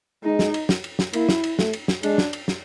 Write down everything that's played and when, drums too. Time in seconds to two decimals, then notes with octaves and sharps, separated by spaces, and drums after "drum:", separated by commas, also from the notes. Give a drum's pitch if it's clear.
0.24 G#3 D#4
0.39 drum: snare
0.54 drum: cymbal
0.69 drum: snare
0.84 drum: cymbal
0.99 drum: snare
1.13 A#3 E4, drum: cymbal
1.29 drum: snare
1.44 drum: cymbal
1.59 A3, drum: snare
1.73 drum: cymbal
1.88 drum: snare
2.03 G#3 D4, drum: cymbal
2.18 drum: snare
2.33 drum: cymbal
2.48 drum: snare